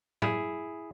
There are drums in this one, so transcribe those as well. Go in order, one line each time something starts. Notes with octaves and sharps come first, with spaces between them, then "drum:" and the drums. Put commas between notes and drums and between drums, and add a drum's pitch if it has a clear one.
E4 G#4, drum: tom A2